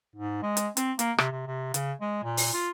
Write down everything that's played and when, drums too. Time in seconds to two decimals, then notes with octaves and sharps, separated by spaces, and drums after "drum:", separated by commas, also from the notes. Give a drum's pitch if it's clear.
0.16 G#2
0.42 G#3
0.57 drum: hi-hat
0.77 C4, drum: hi-hat
0.99 A#3, drum: hi-hat
1.18 C3, drum: rim click
1.31 C3
1.47 C3
1.74 C#3, drum: hi-hat
2.01 G#3
2.23 A#2
2.37 drum: open hi-hat
2.53 F4